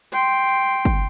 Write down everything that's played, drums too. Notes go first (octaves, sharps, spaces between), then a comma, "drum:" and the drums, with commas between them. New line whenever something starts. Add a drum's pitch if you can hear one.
G5 C6, drum: hi-hat
drum: hi-hat
drum: kick G1, hi-hat